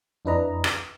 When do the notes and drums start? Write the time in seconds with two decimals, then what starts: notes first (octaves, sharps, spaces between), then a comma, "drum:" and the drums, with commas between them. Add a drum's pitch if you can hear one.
0.25 F2 D4 E4 B4 D#5 A#5
0.64 drum: rim click